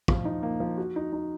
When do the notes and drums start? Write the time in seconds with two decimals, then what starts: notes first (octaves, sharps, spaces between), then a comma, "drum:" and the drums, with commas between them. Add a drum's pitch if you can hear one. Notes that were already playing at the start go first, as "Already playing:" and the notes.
0.08 F3, drum: kick
0.25 D#4
0.43 A#3
0.60 F3
0.78 F#4
0.96 D#4
1.13 D#4